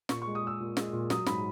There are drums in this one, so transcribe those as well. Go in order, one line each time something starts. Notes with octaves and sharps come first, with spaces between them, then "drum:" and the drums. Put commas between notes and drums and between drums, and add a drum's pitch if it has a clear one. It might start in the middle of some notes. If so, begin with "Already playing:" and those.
A#2 C#6, drum: snare
C#6
G#3
D#6
G#3 E6
A#2
G#3, drum: snare
A#2
F#3 D#6, drum: snare
G#2 B5, drum: snare